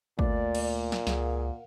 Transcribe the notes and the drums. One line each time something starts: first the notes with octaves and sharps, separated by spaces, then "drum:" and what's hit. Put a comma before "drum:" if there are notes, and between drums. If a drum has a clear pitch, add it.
D2 A#2 A3 D5 D6, drum: kick
drum: cymbal
drum: snare
C#2 G#4 A#4 F5 F#5, drum: snare